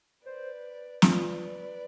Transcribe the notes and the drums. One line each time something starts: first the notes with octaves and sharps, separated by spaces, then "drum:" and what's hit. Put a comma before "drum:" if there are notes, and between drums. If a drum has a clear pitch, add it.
B4 C5 D5
F4 B4 D5, drum: snare